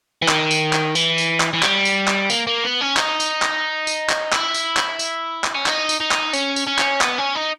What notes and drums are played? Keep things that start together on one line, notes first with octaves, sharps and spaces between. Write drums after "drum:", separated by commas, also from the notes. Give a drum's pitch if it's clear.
E3
D#3, drum: clap
drum: tambourine
drum: clap
E3, drum: tambourine
drum: tambourine
drum: clap
E3
G3, drum: clap
drum: tambourine
drum: clap
A#3, drum: tambourine
A#3
B3
C#4
D#4, drum: clap
drum: tambourine
drum: clap
drum: tambourine
drum: clap
E4, drum: clap
drum: tambourine
drum: clap
drum: tambourine
drum: clap
C#4
D#4, drum: clap
drum: tambourine
D#4
drum: clap
C#4, drum: tambourine
drum: tambourine
C#4
drum: clap
B3, drum: clap
C#4
D#4